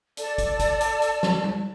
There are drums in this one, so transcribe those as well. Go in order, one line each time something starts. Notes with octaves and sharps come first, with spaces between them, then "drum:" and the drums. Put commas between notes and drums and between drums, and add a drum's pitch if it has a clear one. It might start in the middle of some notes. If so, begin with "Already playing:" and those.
A4 D5 A5, drum: hi-hat
drum: kick, hi-hat
drum: kick, hi-hat
drum: hi-hat
drum: hi-hat
drum: snare
drum: tom G3